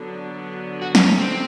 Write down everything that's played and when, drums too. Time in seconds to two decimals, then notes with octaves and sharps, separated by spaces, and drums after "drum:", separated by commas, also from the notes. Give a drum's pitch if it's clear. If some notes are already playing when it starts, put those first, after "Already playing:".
Already playing: D3 F#3 B3 D4
0.82 F#4
0.95 C#4, drum: snare
1.07 C#4
1.19 C4